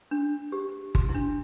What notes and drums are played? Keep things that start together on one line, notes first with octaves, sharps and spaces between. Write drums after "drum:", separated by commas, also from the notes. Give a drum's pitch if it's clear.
D4
G4
F#4, drum: kick G1
E4
D4